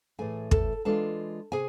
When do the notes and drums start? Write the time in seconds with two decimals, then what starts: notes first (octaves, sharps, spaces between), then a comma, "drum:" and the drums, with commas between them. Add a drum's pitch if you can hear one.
0.19 A2 E3 A3 G#4 G#5
0.51 A4 A5, drum: kick
0.85 E3 G#3 D4 F4 A4 A5
1.52 C3 G#4 G#5